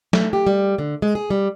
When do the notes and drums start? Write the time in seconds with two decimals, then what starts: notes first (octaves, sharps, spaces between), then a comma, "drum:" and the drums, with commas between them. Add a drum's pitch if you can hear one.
0.13 A3, drum: snare
0.33 G4
0.47 G3
0.78 D3
1.02 G#3
1.15 G#4
1.30 G3